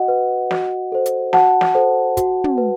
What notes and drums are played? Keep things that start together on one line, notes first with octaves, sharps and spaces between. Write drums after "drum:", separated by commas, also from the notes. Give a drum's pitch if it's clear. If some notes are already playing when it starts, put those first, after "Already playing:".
Already playing: F#4 D#5 F#5
B4
F#4, drum: snare
A4 C5
drum: hi-hat
F#4 F#5 A5, drum: snare
drum: snare
A4 C5
F#4, drum: kick, hi-hat
drum: tom
B4